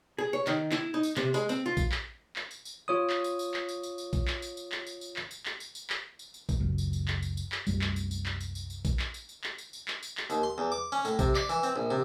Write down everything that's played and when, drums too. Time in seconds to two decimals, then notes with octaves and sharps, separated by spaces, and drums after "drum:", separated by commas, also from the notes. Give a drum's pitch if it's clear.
0.18 G#4
0.33 C#5
0.47 D#3, drum: clap
0.72 E4, drum: clap
0.94 D#4
1.03 drum: tambourine
1.16 C3, drum: clap
1.34 G#3, drum: tambourine
1.49 C4, drum: tambourine
1.66 F4
1.77 drum: kick, tambourine
1.92 drum: clap
2.36 drum: clap
2.51 drum: tambourine
2.65 drum: tambourine
2.88 F4 C#5 D#6
3.10 drum: clap
3.24 drum: tambourine
3.39 drum: tambourine
3.54 drum: clap
3.69 drum: tambourine
3.83 drum: tambourine
3.98 drum: tambourine
4.13 drum: kick, tambourine
4.28 drum: clap
4.42 drum: tambourine
4.57 drum: tambourine
4.72 drum: clap
4.87 drum: tambourine
5.01 drum: tambourine
5.16 drum: clap
5.31 drum: tambourine
5.46 drum: clap
5.60 drum: tambourine
5.75 drum: tambourine
5.90 drum: clap
6.19 drum: tambourine
6.34 drum: tambourine
6.49 drum: kick, tambourine
6.59 F#1 C#2 F#2
6.78 drum: tambourine
6.93 drum: tambourine
7.08 drum: clap
7.22 drum: tambourine
7.37 drum: tambourine
7.52 drum: clap
7.67 C2 F#2 G3, drum: tambourine
7.81 drum: clap
7.96 drum: tambourine
8.11 drum: tambourine
8.26 drum: clap
8.40 drum: tambourine
8.55 drum: tambourine
8.70 drum: tambourine
8.85 drum: kick, tambourine
8.99 drum: clap
9.14 drum: tambourine
9.29 drum: tambourine
9.44 drum: clap
9.58 drum: tambourine
9.73 drum: tambourine
9.88 drum: clap
10.03 drum: tambourine
10.17 drum: clap
10.30 D#2, drum: tambourine
10.43 C6
10.58 E2
10.72 D6
10.92 C#4
11.05 A2, drum: tambourine
11.19 C3, drum: kick, tambourine
11.35 D5, drum: clap
11.49 E3, drum: tambourine
11.63 C4, drum: tambourine
11.76 A#1
11.91 C3